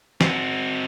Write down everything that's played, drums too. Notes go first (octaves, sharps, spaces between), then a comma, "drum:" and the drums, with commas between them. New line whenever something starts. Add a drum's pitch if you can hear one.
C4 F#4, drum: snare